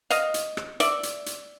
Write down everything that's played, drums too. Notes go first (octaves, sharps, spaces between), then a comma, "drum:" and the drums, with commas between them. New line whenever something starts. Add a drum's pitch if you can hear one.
D#5 F5, drum: hi-hat
drum: hi-hat
drum: rim click
D5 E5, drum: hi-hat
drum: hi-hat
drum: hi-hat